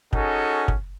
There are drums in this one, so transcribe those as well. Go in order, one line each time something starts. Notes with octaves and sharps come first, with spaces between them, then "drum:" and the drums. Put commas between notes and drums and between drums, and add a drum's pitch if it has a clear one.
C#4 D#4 F#4 G#4 A4, drum: kick
drum: kick